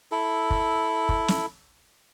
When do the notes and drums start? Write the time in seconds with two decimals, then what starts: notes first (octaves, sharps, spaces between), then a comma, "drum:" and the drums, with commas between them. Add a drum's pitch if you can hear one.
0.12 E4 A4
0.50 drum: kick
1.09 drum: kick
1.28 drum: snare